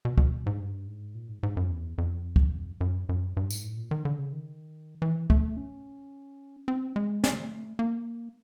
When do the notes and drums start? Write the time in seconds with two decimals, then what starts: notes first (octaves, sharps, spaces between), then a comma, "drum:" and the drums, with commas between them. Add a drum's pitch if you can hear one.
0.05 B2
0.18 B2, drum: kick
0.46 G#2
0.60 G2
0.87 G#2
1.15 A#2
1.29 G#2
1.43 G#2
1.57 F#2
1.70 E2
1.98 F2
2.36 drum: kick
2.81 F#2
3.09 F#2
3.37 G2
3.50 G#2, drum: tambourine
3.64 A2
3.77 A#2
3.91 D#3
4.05 D3
4.19 C#3
4.33 D#3
5.02 E3
5.30 A3, drum: kick
5.57 C#4
6.68 C4
6.96 G#3
7.24 A3, drum: snare
7.79 A#3